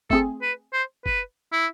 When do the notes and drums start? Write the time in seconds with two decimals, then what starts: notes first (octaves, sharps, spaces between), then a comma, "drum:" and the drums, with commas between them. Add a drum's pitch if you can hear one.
0.10 A3 C4 G#4 A4, drum: kick
0.42 B4
0.73 C5
1.06 B4, drum: kick
1.53 E4